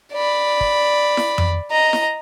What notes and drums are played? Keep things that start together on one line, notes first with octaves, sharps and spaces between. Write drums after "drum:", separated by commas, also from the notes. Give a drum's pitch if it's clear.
D5 B5
drum: kick
drum: snare E4
drum: tom F2
D#5 A#5
drum: snare E4